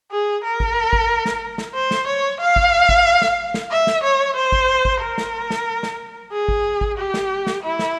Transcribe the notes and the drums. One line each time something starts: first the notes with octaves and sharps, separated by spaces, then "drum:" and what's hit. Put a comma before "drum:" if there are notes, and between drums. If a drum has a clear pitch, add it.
G#4
A#4
drum: kick G#1
drum: kick G#1
drum: snare
drum: snare
C5
drum: snare
C#5
F5
drum: kick G#1
drum: kick G#1
drum: snare
drum: snare
E5
drum: snare
C#5
C5
drum: kick G#1
drum: kick G#1
A#4
drum: snare
drum: snare
drum: snare
G#4
drum: kick G#1
drum: kick G#1
G4
drum: snare
drum: snare
E4
drum: snare